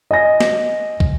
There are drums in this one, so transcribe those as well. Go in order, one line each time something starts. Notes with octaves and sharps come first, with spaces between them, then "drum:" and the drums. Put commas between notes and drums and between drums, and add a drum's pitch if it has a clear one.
D#5 G#5 A#6
drum: snare
drum: kick